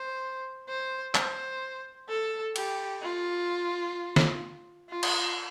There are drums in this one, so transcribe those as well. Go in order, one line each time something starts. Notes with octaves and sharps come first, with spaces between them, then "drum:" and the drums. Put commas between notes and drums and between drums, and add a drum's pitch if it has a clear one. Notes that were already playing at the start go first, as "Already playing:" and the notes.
Already playing: C5
C5
C5, drum: clap
A4
G4, drum: cymbal
F4
drum: snare
F4
drum: cymbal